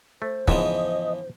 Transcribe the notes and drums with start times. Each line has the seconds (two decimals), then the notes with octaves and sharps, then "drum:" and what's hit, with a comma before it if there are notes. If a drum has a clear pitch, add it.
0.22 A3 C5
0.48 C#2 G#2 E3 F3 B3 D#5, drum: kick